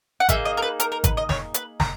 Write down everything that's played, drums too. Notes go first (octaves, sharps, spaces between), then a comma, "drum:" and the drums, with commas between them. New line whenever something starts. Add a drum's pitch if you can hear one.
F#5
A#3 D#4 G#4 E5, drum: kick G#1, hi-hat
D#5
A#4
B4
A#4, drum: hi-hat
A#4
B4, drum: kick G#1, hi-hat
D#5
C#5, drum: snare
B4, drum: hi-hat
A#5, drum: snare